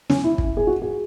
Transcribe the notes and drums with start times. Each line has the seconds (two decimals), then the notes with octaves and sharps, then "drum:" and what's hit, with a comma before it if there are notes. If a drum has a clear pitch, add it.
0.10 C#4, drum: snare
0.24 E4
0.38 drum: kick
0.57 G#4
0.67 F#4
0.82 G#4